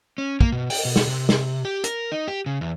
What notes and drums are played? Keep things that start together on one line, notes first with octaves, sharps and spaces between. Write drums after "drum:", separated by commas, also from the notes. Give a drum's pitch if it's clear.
C#4
A#3, drum: kick
B2
G5, drum: open hi-hat
B2
drum: snare
C3
drum: snare
G4
A#4, drum: hi-hat
D#4
G4
C#3
E2